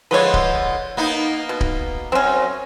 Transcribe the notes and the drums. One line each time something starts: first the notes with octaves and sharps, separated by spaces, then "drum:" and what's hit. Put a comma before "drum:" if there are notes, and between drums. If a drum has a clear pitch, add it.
D3 F3 G#3 B4 C#5
drum: kick D1
A#3 B3 D#4
B2
drum: kick D1
F#2 C4 C#4